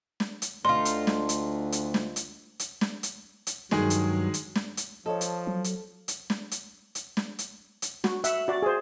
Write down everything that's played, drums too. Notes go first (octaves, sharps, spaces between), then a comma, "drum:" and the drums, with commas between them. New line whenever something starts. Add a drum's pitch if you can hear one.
drum: snare
drum: hi-hat
D2 D3 D#4 F4 C6
drum: hi-hat
drum: snare
drum: hi-hat
drum: hi-hat
drum: snare
drum: hi-hat
drum: hi-hat
drum: snare
drum: hi-hat
drum: hi-hat
G2 D#3 F#3 G#3 G#4, drum: snare
drum: hi-hat
drum: hi-hat
drum: snare
drum: hi-hat
F3 A4 C#5 D#5
drum: hi-hat
F#3
drum: hi-hat
drum: hi-hat
drum: snare
drum: hi-hat
drum: hi-hat
drum: snare
drum: hi-hat
drum: hi-hat
F#4, drum: snare
E5 F#5, drum: hi-hat
F#4 D5
G#4 C5